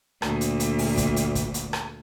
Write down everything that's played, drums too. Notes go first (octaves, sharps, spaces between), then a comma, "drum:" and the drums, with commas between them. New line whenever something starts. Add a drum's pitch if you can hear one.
D2 A#2, drum: rim click
drum: hi-hat
drum: hi-hat
drum: open hi-hat
drum: kick, hi-hat
drum: hi-hat
drum: kick, hi-hat
drum: hi-hat
drum: rim click